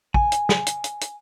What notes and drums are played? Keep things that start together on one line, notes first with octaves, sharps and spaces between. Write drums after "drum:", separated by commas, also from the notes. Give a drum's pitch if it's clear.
G#5, drum: kick
drum: hi-hat
drum: snare
drum: hi-hat
drum: hi-hat
drum: hi-hat